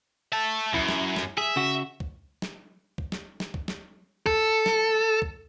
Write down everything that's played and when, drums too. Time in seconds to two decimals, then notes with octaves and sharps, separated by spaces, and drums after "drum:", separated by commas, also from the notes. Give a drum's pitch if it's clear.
0.33 E5 A5
0.74 F#2 E4, drum: kick
0.88 drum: snare
1.16 drum: snare
1.38 G#4 E5
1.56 C#3 F#4
2.00 drum: kick
2.42 drum: snare
2.98 drum: kick
3.12 drum: snare
3.40 drum: snare
3.54 drum: kick
3.68 drum: snare
4.26 A4, drum: kick
4.66 drum: snare
5.22 drum: kick